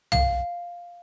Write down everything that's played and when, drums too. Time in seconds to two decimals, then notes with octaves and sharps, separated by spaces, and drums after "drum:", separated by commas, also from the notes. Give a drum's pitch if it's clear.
0.12 F5, drum: tom